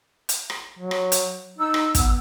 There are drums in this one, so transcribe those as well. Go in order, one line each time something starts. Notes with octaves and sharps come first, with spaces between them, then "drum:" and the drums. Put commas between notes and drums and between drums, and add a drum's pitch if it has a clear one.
drum: hi-hat
drum: rim click
F#3
drum: rim click
drum: hi-hat
D#4 E6
drum: rim click
B3, drum: kick, hi-hat